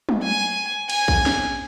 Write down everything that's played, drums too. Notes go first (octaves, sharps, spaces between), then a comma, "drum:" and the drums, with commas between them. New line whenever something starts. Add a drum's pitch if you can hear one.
drum: tom
G#5
G#5, drum: cymbal
drum: kick A#1
drum: snare